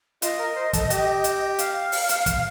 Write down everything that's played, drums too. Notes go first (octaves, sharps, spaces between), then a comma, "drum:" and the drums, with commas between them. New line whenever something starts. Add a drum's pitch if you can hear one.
F4 D#5, drum: hi-hat
A#4
C5
A4, drum: kick, hi-hat
G4, drum: hi-hat
drum: hi-hat
F5, drum: hi-hat
drum: open hi-hat
drum: hi-hat
drum: kick, hi-hat